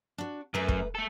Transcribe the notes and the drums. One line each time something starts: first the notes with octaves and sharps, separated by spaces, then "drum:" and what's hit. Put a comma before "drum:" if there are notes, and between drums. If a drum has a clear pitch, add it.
D4 F#4
F#2 A3 B4 A#5
drum: kick
A3 A4